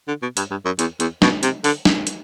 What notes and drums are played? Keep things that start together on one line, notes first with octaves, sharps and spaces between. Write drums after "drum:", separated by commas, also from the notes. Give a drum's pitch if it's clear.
D3
B2
G2, drum: hi-hat
G2
F#2
E2, drum: hi-hat
E2, drum: hi-hat
B2, drum: snare
C3, drum: hi-hat
D3, drum: open hi-hat
drum: snare
drum: hi-hat